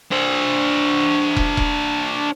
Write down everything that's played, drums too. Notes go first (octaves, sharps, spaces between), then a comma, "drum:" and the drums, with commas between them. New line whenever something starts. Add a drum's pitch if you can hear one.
D4 C5
drum: kick
drum: kick